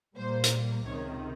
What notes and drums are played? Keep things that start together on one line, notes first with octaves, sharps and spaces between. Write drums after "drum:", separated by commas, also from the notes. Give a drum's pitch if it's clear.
A#2 G3 A#3 C5
drum: hi-hat
C#2 C3 D#3 C#5